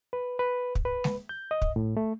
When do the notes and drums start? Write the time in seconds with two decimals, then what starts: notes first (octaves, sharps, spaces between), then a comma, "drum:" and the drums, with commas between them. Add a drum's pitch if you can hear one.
0.13 B4
0.39 B4
0.75 drum: kick
0.85 B4
1.04 drum: snare G#3
1.29 G6
1.51 D#5
1.62 drum: kick
1.76 A2
1.97 A3